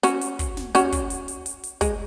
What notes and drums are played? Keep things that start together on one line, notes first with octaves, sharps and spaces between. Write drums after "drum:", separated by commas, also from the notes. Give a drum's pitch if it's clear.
C#4 F#4, drum: hi-hat
drum: hi-hat
drum: kick, hi-hat
drum: snare
C#4 F#4, drum: hi-hat
drum: kick, hi-hat
drum: hi-hat
drum: hi-hat
drum: hi-hat
drum: hi-hat
G#3, drum: kick, hi-hat